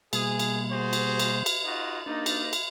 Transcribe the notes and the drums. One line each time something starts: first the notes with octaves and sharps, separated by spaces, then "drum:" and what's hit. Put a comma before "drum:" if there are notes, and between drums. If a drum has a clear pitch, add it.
B2 G3 A#3 G#4, drum: cymbal
drum: cymbal
F#4 G#4 C5
drum: cymbal
drum: cymbal
drum: cymbal
D#4 F4 F#4
A#3 D4 D#4 A6
drum: cymbal
drum: cymbal